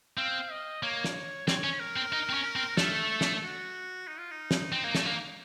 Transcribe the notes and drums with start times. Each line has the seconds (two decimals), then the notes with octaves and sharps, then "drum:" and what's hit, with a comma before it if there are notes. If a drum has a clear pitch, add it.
0.17 C4 F5
0.51 D#5
0.83 A#3 C#5
1.04 drum: snare
1.48 C4 C#5, drum: snare
1.64 C#4
1.80 A#4
1.96 C4
2.12 D#4
2.30 C4
2.34 C#4
2.56 C4
2.77 A3 A4, drum: snare
3.21 drum: snare
3.35 A4
3.43 F#4
4.07 D#4
4.19 F4
4.31 D#4
4.51 drum: snare
4.72 C4
4.84 A#3
4.95 A3, drum: snare
5.06 A#3